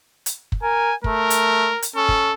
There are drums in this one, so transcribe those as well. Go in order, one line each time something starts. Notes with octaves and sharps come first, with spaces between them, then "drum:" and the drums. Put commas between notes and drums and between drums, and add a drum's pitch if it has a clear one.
drum: hi-hat
drum: kick
A#4 G#5
A3 A#4, drum: kick
drum: hi-hat
drum: hi-hat
C#4 A4
drum: kick